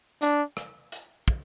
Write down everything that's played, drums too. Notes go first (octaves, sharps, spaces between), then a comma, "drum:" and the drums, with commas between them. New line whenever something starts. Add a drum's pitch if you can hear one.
D4, drum: hi-hat
drum: rim click
drum: hi-hat
drum: kick